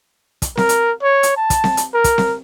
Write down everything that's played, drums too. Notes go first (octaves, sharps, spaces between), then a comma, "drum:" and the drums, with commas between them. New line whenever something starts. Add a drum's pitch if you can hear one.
drum: kick, hi-hat
A#4, drum: snare C4
drum: hi-hat
C#5
drum: hi-hat
A5
drum: kick, hi-hat
drum: snare C4
drum: hi-hat
A#4
drum: kick, hi-hat
drum: snare C4